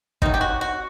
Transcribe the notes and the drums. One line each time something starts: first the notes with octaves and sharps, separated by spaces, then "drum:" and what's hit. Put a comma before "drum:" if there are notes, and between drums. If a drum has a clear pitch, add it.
C3 D#3 F#3 D#4, drum: kick
G4
F#4
F#4